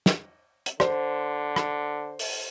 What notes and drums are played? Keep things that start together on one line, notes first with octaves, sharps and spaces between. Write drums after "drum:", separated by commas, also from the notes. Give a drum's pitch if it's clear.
drum: snare
drum: hi-hat
D3 C5, drum: rim click
drum: rim click
drum: open hi-hat